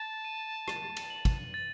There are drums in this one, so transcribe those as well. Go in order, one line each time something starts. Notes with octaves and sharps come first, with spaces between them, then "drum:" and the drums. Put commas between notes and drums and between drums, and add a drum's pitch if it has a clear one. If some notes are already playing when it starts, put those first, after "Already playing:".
Already playing: A5 A6
D#7
D#7, drum: rim click
drum: cymbal
F#7
drum: kick, cymbal
A6